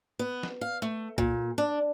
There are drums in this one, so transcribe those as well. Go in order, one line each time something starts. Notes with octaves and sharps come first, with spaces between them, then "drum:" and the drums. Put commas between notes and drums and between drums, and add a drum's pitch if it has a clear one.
B3
drum: snare
F5
A3
A#2, drum: kick C2
D4